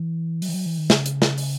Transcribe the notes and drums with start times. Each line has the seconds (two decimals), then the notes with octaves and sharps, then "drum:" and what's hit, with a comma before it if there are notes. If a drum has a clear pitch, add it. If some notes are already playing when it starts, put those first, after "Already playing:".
Already playing: E3
0.42 F#3, drum: open hi-hat
0.49 E3
0.54 F#3
0.66 E3
0.78 D#3
0.90 C#3, drum: snare
1.06 drum: hi-hat
1.22 drum: snare
1.38 drum: open hi-hat